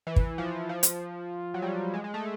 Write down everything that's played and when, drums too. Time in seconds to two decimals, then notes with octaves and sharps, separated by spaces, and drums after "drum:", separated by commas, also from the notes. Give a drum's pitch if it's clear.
0.07 E3
0.16 drum: kick
0.38 F3
0.69 F3
0.83 drum: hi-hat
1.54 F#3
1.62 G3
1.94 G#3
2.04 G#3
2.14 A3